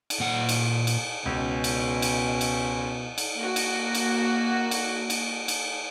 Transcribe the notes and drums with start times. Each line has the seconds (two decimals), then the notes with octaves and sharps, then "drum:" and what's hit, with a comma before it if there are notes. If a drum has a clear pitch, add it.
0.10 drum: cymbal
0.20 A#2 F#5
0.49 drum: cymbal
0.87 drum: cymbal
1.26 C#2 B2 C#4
1.64 drum: cymbal
2.02 drum: cymbal
2.41 drum: cymbal
3.18 drum: cymbal
3.37 A#3 F#4
3.56 drum: cymbal
3.95 drum: cymbal
4.71 drum: cymbal
5.10 drum: cymbal
5.48 drum: cymbal